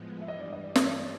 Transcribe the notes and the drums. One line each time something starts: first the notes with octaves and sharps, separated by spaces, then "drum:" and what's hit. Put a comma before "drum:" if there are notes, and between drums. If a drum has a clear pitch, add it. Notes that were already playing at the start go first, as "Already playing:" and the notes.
Already playing: A2 F3 G#3 B3
E5
G2 E3 G3 D#5
D5
D#5
D5
C#5, drum: snare
D5